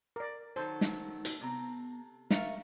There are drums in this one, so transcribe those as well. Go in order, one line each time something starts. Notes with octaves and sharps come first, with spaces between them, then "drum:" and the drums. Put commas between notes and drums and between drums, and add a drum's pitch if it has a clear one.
A#4 D5
D#3 F#3 D#4 A4 C5
drum: snare
drum: hi-hat
C3 B3 A#5
F4 A#4 E5 C#6, drum: snare